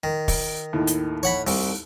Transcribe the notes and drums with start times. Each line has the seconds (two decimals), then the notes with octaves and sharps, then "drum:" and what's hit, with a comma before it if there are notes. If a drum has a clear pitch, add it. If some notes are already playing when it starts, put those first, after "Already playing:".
0.04 D#3
0.28 drum: kick, open hi-hat
0.73 D#2 A2
0.87 drum: hi-hat
1.23 C#5 F#5 B5
1.47 C2, drum: open hi-hat